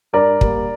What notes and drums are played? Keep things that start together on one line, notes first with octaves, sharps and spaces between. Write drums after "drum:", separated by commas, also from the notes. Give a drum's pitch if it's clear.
G2 A#4 D5
G3 A#3, drum: kick